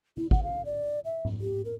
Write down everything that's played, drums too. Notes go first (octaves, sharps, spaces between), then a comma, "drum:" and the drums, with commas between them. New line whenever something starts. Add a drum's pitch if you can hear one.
E4, drum: tom
F#5, drum: kick
F5
D5
E5
drum: tom G#2
G4
A#4